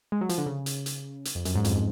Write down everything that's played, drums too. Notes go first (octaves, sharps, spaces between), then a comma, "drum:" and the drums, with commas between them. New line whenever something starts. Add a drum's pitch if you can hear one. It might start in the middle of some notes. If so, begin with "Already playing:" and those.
G#3
F#3
F3, drum: hi-hat
D3
C#3
drum: hi-hat
drum: hi-hat
drum: hi-hat
F2
F#2, drum: hi-hat
G#2
F2, drum: hi-hat